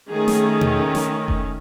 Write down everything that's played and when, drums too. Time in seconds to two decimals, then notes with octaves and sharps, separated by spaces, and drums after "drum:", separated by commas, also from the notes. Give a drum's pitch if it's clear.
0.11 D#3 A3 C#4 G#4
0.28 drum: snare
0.61 drum: tom B2
0.95 drum: snare
1.28 drum: kick F1